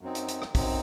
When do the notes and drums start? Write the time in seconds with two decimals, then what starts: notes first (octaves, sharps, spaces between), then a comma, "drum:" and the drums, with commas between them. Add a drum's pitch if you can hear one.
0.01 F#2 F#3 C4 D#4
0.15 drum: hi-hat
0.28 drum: hi-hat
0.42 drum: rim click
0.55 F#2 F#3 C4 D#4, drum: kick, open hi-hat